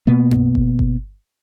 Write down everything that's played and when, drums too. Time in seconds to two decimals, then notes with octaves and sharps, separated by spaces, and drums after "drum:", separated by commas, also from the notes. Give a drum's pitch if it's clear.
0.07 B2 A#3 B3
0.31 drum: tom F#2
0.55 drum: kick G1
0.79 drum: kick G1